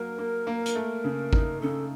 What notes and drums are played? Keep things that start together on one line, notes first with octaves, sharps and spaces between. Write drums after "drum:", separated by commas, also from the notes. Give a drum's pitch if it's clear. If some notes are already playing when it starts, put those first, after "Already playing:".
Already playing: F#3 A#3 A#4
A#3
A#3
drum: hi-hat
A3
C#3
D#4, drum: kick G#1
C#3 A4